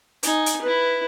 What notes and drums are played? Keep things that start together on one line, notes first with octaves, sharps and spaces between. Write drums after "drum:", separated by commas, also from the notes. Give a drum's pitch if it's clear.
D#4 G#5, drum: hi-hat
drum: hi-hat
E4 B4